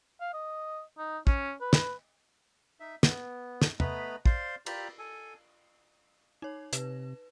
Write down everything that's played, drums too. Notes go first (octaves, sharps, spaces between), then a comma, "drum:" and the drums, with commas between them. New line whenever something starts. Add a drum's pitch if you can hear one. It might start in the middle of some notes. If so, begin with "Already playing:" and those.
F5
D#5
D#4
C#4, drum: kick
B4
drum: snare
D#4 E5
B3, drum: snare
drum: snare
A3 B3 B4 D#5 A#5 B5, drum: tom
C5 D5 F5 C6, drum: kick
F4 G4 D5 A#5 B5, drum: cymbal
A4 G#5
D#4 C#5
C3 B4, drum: hi-hat